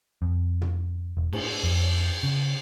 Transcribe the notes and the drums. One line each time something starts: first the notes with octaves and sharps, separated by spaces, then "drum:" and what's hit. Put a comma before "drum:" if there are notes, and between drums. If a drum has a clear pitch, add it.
F2
drum: tom
E1
A2, drum: cymbal
F2
C#3